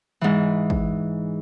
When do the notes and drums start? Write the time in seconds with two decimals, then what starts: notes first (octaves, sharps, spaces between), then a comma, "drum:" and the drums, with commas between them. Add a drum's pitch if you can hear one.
0.21 G#2 E3
0.70 drum: kick G#1